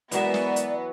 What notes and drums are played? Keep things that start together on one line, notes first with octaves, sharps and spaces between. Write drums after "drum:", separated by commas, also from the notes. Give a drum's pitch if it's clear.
E3 F#3 G#3 A#3 B3 D5 E5, drum: hi-hat
drum: snare
drum: hi-hat